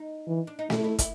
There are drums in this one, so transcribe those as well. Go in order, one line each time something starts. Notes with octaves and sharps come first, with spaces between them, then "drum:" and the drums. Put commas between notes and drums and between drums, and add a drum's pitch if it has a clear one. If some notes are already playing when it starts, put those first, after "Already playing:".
Already playing: D#4
E3
D4
D#4
A3 E4, drum: snare
E4
E4, drum: kick, hi-hat